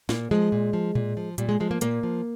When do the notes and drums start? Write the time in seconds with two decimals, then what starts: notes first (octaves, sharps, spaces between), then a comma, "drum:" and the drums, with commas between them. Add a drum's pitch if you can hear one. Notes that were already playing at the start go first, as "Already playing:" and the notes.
0.09 A#2 A#3, drum: snare
0.31 F3 G#3
0.52 A#2
0.73 F3
0.95 A#2, drum: tom A2
1.17 F3
1.38 A#2 G3, drum: hi-hat
1.49 G#3
1.60 F3 G#3
1.71 A#3
1.81 A#2 A#3, drum: hi-hat
2.03 F3